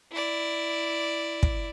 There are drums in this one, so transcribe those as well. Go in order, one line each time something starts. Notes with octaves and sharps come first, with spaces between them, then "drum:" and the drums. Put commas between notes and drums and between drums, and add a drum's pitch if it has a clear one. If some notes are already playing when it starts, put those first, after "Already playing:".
E4 D5
drum: kick